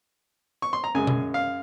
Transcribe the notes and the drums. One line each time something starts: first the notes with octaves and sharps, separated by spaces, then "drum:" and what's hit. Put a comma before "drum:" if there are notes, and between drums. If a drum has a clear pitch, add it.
C#6
C6
A#5
F#2 C#3 G#3 G#5
drum: tom B2
F5